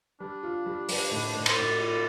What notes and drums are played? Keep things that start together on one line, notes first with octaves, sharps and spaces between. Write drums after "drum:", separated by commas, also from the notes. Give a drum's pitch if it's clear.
G3 D4
F4
G3
G3, drum: open hi-hat
A2
A2
C5, drum: cymbal
A2 D5
F4